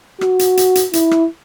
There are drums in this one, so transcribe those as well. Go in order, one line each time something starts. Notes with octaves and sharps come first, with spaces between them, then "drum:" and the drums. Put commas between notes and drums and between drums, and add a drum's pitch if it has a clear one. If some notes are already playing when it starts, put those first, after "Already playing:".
F#4, drum: rim click
drum: hi-hat
drum: hi-hat
drum: hi-hat
E4, drum: hi-hat
drum: rim click